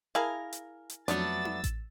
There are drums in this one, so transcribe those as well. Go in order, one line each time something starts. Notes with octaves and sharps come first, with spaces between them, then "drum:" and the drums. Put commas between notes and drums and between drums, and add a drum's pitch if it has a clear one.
E4 G#4 A#4 F5
drum: hi-hat
drum: hi-hat
F2 F#3 A3 B3 D4 E6 A6, drum: hi-hat
drum: tom D#4
drum: kick A1, hi-hat